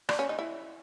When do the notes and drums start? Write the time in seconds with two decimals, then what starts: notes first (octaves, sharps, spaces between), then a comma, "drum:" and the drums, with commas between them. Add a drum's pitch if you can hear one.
0.09 D4, drum: rim click
0.19 C#4
0.29 D#4
0.39 E4